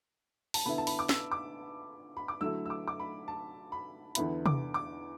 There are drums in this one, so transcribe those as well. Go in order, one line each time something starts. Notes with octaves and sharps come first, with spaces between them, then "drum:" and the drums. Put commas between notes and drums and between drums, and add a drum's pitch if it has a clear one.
A5, drum: open hi-hat
D3 B3 E4 B5
A5
B5, drum: open hi-hat
D6
E6, drum: snare
D6
B5
D6
D3 F#3 A3 E4 E6
E6
D6
D6
B5
A5
B5
E2 D3 B3 E4 B5, drum: hi-hat
D6, drum: tom C3
D6